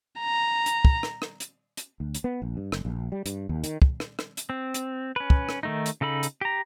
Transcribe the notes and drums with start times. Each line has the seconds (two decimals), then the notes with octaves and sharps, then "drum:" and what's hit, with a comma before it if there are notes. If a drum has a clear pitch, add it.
0.20 A#5
0.66 drum: hi-hat
0.85 drum: kick
1.03 drum: rim click
1.22 drum: rim click
1.40 drum: hi-hat
1.77 drum: hi-hat
2.00 D2
2.15 drum: hi-hat
2.24 B3
2.42 A#1
2.57 G2
2.72 F#1, drum: rim click
2.85 A#1
3.12 G3
3.26 G2, drum: hi-hat
3.49 D#2
3.64 D#3, drum: hi-hat
3.82 drum: kick
4.00 drum: rim click
4.19 drum: rim click
4.37 drum: hi-hat
4.50 C4
4.74 drum: hi-hat
5.16 C#4 B4
5.30 drum: kick
5.49 drum: rim click
5.63 D#3 A3 D#4
5.86 drum: hi-hat
6.01 C#3 D#4 A4 B5
6.23 drum: hi-hat
6.41 G4 A#5